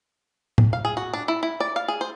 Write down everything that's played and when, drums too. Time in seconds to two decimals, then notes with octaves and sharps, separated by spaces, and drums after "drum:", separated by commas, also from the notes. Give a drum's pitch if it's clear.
0.58 drum: tom A2
0.73 F5
0.85 G#4
0.97 F#4
1.13 D4
1.28 E4
1.43 E4
1.60 D5
1.76 F5
1.88 G#4
2.01 C5